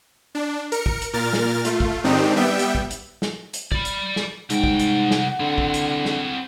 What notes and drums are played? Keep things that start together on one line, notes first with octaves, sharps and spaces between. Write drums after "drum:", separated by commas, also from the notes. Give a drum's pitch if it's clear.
D4
A#4 C#7, drum: hi-hat
drum: kick
drum: hi-hat
A#2 A#4 F6 A6
drum: snare
A3 F4, drum: hi-hat
drum: kick
G#2 D#3 C4 D4 D#4 G4
G3 B3 E5 G5
drum: hi-hat
drum: kick
drum: hi-hat
drum: snare
drum: hi-hat
D5 B5, drum: kick
drum: hi-hat
drum: snare
C2 G#2 F#5 G5, drum: hi-hat
drum: kick
drum: hi-hat
drum: snare
D3 C4 E4
drum: kick
drum: hi-hat
drum: snare